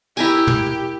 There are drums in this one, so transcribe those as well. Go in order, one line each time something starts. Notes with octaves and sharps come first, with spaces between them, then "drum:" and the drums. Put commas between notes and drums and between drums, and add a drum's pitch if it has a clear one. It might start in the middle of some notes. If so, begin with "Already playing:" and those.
E4 G4 A#4 G#5, drum: tambourine
drum: tom